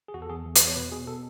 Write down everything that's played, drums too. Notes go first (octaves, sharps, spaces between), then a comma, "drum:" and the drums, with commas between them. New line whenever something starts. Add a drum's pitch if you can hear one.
G#4
E2 F#4
A4
E2 G#4
E2
B4, drum: hi-hat
E2
C#5
B2 B4
B2 G#4
B2 A4